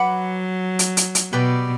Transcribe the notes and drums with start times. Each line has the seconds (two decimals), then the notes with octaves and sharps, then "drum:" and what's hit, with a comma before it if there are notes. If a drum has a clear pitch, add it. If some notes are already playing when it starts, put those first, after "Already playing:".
Already playing: F#3 B4 F#5 B5 D6
0.79 drum: hi-hat
0.97 drum: hi-hat
1.15 drum: hi-hat
1.33 B2 G4 B4 D5 G5